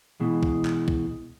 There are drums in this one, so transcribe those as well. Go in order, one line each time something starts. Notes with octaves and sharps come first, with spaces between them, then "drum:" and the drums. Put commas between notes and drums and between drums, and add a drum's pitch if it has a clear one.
B2 E3 G#3
drum: kick
drum: clap
drum: kick